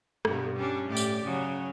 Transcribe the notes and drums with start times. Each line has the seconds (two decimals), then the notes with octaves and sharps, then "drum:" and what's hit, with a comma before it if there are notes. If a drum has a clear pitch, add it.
0.25 G2 B2, drum: rim click
0.56 G3 C#4 D4
0.87 A2 G4 D5
0.97 drum: tambourine
1.25 C#3 F#3